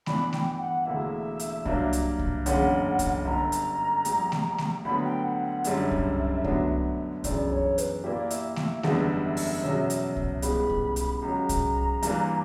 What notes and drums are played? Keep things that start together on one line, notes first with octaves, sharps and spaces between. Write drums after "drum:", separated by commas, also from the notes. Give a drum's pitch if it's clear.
G2 E3 B3 D4 B5, drum: snare A3
G5, drum: snare A3
G5
F#5
E1 D2 D3 A#3 E4 E5
drum: hi-hat
G2 F#3 A#3 D4, drum: kick C2
drum: hi-hat
drum: kick C2
F#1 E2 D3 A#3 C#4 F#5, drum: hi-hat
drum: kick C2, hi-hat
G1 G2 D3 A#5
drum: hi-hat
A#1 A#2 G3, drum: hi-hat
drum: snare A3
drum: snare A3
D2 D3 F#3 B3 B5
G5
F#5
F#5
F#1 F#2 D3 G3 C#4 E5, drum: hi-hat
drum: kick C2
D2 D3 F#3 B3 D4, drum: kick C2
G1 F#2 C#3 E3 D5, drum: kick C2, hi-hat
C#5
B4, drum: hi-hat
A#2 A#3 E4 G4 D5
E5, drum: hi-hat
E5, drum: snare A3
F#1 E2 D3 G3 B3 E5, drum: snare A3
drum: open hi-hat
E2 B2 F#3 C#4
drum: hi-hat
drum: kick C2
C#2 C#3 G3 B3 E4 B5, drum: hi-hat
drum: kick C2
drum: hi-hat
C#2 C#3 F#3 A#5
drum: kick C2, hi-hat
G2 E3 G3 A#3 D4, drum: hi-hat